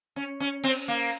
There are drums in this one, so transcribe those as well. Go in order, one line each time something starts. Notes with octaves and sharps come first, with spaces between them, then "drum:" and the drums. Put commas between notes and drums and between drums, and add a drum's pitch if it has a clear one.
C#4
C#4
C4, drum: cymbal
A#3